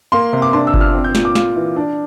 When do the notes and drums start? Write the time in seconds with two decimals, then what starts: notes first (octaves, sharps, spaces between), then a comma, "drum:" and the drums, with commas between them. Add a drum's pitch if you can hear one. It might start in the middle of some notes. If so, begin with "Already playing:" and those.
0.12 A#3 C6
0.33 C3
0.42 D6
0.53 D4 C6
0.67 E6
0.74 A#2, drum: kick G1
0.81 F6
0.94 C4
1.04 G6
1.15 A#2, drum: snare
1.25 D6
1.35 F4, drum: snare
1.56 E3
1.76 D4